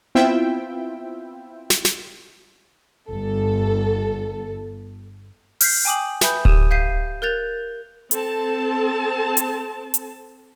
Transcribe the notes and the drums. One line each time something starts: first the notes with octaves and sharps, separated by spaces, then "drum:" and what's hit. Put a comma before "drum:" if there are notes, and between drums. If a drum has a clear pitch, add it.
B3 C4 E4 F4 E5 G5
drum: snare
drum: snare
G1 A4
F6 G6 B6 C7, drum: open hi-hat
G5 G#5 D6 D#6 F#7
B4 E5 G#5 B5 D#6 G6, drum: snare
G4 D#6 D#7 E7, drum: kick D1
F5 G6 B6 C7 D#7
A#4 F#6 G6 A6 F7
C4 A4 A5, drum: hi-hat
drum: hi-hat
drum: hi-hat